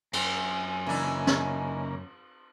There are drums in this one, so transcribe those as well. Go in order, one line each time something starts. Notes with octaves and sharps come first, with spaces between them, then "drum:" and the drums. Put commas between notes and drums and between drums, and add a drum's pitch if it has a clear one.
F#2 A#3 C4 G#5, drum: cymbal
C#3 E3 A#3 D4 D#4
drum: snare